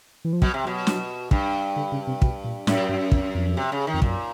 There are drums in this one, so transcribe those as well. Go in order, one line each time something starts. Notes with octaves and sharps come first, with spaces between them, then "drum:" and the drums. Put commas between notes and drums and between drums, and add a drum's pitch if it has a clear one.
E3
F3
B2 F#3, drum: kick
C3
B2 F#3
drum: snare
G2, drum: kick
D3
C#3
C3
B2, drum: kick
A#2
F#2 A2, drum: snare
G2
F2, drum: kick
F2
C3
C#3
D#3
F2
F#2 A#2, drum: kick